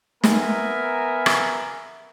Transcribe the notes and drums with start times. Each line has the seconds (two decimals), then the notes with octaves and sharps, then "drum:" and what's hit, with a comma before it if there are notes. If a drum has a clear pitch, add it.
0.24 B3 A#4 E5 G#5, drum: snare
1.26 drum: rim click